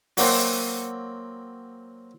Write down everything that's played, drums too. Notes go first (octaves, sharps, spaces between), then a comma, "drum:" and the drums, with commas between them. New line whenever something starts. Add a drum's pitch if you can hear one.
F#3 A#3 C4, drum: open hi-hat